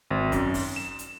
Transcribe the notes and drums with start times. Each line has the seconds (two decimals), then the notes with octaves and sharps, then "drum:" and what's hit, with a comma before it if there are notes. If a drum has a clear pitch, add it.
0.11 G#1
0.32 F#2, drum: kick, hi-hat
0.54 drum: open hi-hat
0.76 E7
0.99 drum: hi-hat